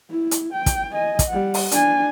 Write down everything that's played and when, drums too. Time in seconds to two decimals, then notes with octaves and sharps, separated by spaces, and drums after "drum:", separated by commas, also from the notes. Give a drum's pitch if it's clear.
0.10 E4
0.31 drum: hi-hat
0.53 G5
0.66 drum: kick, hi-hat
0.93 D#5 G#5
1.19 drum: kick, hi-hat
1.28 G3 F#5
1.54 drum: open hi-hat
1.71 D4 G#5, drum: hi-hat